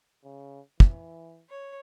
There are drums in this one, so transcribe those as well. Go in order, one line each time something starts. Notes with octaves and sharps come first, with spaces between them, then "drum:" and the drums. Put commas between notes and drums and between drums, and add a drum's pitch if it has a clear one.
C#3
E3, drum: kick
C#5